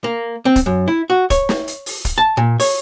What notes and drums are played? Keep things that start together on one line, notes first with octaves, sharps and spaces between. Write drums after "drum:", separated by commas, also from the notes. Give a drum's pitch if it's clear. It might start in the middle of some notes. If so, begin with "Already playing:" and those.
A#3
C4
drum: kick, hi-hat
F#2
E4
F#4
C#5, drum: kick, hi-hat
drum: snare
drum: hi-hat
drum: open hi-hat
drum: kick, hi-hat
A5
A#2
C#5, drum: open hi-hat